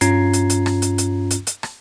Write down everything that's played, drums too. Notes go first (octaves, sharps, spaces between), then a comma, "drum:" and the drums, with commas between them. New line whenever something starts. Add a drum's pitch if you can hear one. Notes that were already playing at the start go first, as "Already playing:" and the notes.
G2 C#4 F4 A#5 G#6 C7, drum: hi-hat
drum: hi-hat
drum: hi-hat
drum: rim click
drum: hi-hat
drum: hi-hat
drum: hi-hat
drum: hi-hat
drum: rim click